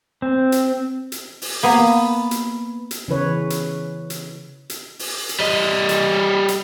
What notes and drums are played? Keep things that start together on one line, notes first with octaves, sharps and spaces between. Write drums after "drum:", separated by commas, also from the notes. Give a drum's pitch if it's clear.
C4
drum: hi-hat
drum: hi-hat
drum: open hi-hat
A#3 B3 G#5 A#5
drum: hi-hat
drum: hi-hat
C#3 E3 B4 C#5
drum: hi-hat
drum: hi-hat
drum: hi-hat
drum: open hi-hat
drum: hi-hat
G3 D#5
drum: hi-hat
drum: hi-hat